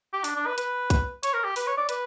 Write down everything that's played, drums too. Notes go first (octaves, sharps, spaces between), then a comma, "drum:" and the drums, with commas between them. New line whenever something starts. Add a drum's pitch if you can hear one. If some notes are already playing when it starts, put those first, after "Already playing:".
G4
D4, drum: open hi-hat
D4
B4
B4, drum: hi-hat
drum: kick, hi-hat
C#5, drum: hi-hat
A#4
G4
B4, drum: open hi-hat
C#5
D5
B4, drum: hi-hat